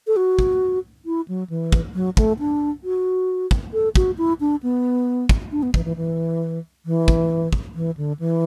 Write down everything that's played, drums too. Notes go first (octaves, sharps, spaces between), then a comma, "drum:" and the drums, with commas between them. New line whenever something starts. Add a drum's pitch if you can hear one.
A4
F#4
drum: kick
E4
F#3
E3
drum: kick
F#3
A3, drum: kick
D4
F#4
drum: kick
A4
F#4, drum: kick
E4
D4
B3
drum: kick
D4
B3
E3, drum: kick
E3
E3
E3
drum: kick
drum: kick
E3
D3
E3